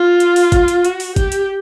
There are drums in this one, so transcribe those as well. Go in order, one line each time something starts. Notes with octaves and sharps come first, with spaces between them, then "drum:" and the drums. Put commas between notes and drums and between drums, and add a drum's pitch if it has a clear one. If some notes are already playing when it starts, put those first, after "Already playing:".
Already playing: F4
drum: hi-hat
drum: open hi-hat
drum: kick G1, hi-hat
drum: hi-hat
F#4, drum: hi-hat
drum: open hi-hat
G4, drum: kick G1, hi-hat
drum: hi-hat